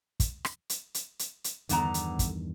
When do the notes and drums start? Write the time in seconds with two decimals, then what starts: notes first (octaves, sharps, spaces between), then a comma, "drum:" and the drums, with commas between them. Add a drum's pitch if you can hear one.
0.20 drum: kick, hi-hat
0.45 drum: rim click
0.70 drum: hi-hat
0.94 drum: hi-hat
1.19 drum: hi-hat
1.44 drum: hi-hat
1.69 E2 G2 D3 D#3 B3 A#5, drum: hi-hat
1.94 drum: hi-hat
2.19 drum: kick, hi-hat